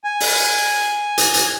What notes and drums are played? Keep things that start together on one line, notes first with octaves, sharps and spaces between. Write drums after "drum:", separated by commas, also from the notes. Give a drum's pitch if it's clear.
G#5
drum: open hi-hat
drum: hi-hat
drum: hi-hat